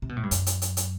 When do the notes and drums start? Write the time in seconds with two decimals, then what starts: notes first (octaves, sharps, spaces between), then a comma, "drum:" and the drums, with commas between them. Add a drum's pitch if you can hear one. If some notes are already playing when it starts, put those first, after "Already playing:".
0.02 C3
0.09 B2
0.17 A2
0.23 G2
0.31 F#2, drum: hi-hat
0.46 drum: hi-hat
0.62 drum: hi-hat
0.77 drum: hi-hat